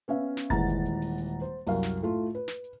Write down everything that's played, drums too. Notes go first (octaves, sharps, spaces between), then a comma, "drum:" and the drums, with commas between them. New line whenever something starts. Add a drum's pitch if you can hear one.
B3 C#4 E5 F5
drum: snare
D#1 E3 G#3 F#5 A#5 A6, drum: kick F#1, hi-hat
drum: hi-hat
drum: hi-hat
drum: open hi-hat
drum: hi-hat
C5
C2 F#2 F#4 A#4 F5, drum: open hi-hat
drum: snare
A2 A3 F4
B4
drum: snare
drum: hi-hat